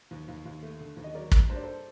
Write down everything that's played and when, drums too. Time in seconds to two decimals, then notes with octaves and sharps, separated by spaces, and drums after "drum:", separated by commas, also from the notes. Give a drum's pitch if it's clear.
0.11 D#2
0.28 D#2
0.45 D#2
0.63 A3
0.80 D3
0.97 D#2
1.04 D#5
1.14 F#3 A#4 D5
1.32 A#3, drum: kick
1.49 G2 C5
1.56 D5
1.63 A4 C5